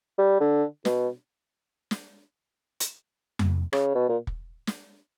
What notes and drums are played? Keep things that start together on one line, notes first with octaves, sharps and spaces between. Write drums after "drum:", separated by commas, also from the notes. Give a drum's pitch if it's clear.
G3
D3
B2, drum: snare
drum: snare
drum: hi-hat
drum: tom F2
C#3, drum: rim click
B2
A#2
drum: kick
drum: snare